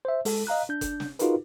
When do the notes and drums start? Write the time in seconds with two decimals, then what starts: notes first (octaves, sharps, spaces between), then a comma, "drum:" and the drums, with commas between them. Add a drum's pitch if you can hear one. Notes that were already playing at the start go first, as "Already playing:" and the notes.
0.05 C5 E5
0.25 G#3 A4, drum: open hi-hat
0.47 D#5 F5 A#5 F#6
0.69 D4 G6
0.81 drum: kick F#1, hi-hat
1.00 drum: snare
1.19 D#4 F4 F#4 G#4 A#4 B4, drum: hi-hat